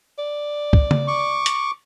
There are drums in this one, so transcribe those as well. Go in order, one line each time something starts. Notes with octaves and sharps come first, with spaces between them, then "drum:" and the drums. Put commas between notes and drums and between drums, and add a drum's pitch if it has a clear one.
D5
drum: kick
drum: tom C#3
C#6 D6
drum: hi-hat